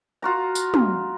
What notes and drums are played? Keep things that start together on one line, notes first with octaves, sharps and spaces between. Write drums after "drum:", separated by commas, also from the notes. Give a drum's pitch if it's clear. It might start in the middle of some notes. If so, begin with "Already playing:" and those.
F4 F#4 A#5
drum: tambourine
drum: tom